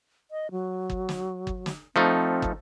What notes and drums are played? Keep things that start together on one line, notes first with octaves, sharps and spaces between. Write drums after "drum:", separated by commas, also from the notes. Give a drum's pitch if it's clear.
D#5
F#3
drum: kick
drum: snare
drum: kick
drum: snare
F3 A3 C4 D#4
drum: kick